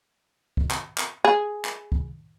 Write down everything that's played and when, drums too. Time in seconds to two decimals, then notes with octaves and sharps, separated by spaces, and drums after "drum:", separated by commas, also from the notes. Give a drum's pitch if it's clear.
0.57 drum: kick
0.71 drum: clap
0.98 drum: clap
1.25 G#4
1.65 drum: clap
1.92 drum: kick